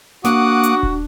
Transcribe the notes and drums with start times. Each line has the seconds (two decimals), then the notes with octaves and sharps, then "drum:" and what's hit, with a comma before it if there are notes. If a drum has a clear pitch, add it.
0.24 A#3 D4 F#4 F#5 D6 D#6, drum: snare
0.63 drum: hi-hat
0.83 drum: kick D#1